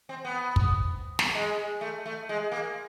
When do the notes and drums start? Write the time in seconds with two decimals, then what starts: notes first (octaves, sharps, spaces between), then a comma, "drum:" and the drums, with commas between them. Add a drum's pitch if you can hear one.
0.09 C4
0.25 B3
0.56 drum: kick
1.19 drum: snare
1.35 G#3
1.81 A3
2.06 A3
2.29 G#3
2.52 A#3